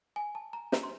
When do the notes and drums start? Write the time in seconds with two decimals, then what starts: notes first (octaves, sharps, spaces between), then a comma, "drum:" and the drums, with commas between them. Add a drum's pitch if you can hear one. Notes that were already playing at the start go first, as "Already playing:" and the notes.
0.16 G#5
0.35 A5
0.53 A#5
0.72 A#5, drum: snare
0.83 C6